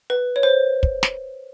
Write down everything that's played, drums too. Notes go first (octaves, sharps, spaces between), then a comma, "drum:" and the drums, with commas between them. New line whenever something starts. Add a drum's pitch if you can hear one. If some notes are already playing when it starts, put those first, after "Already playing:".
B4
C#5
C5
drum: kick
drum: snare